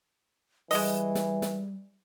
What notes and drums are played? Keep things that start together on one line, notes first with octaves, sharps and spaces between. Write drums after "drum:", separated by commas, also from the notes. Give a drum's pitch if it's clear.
E3 G3 G#3 D#5, drum: open hi-hat
drum: snare
drum: snare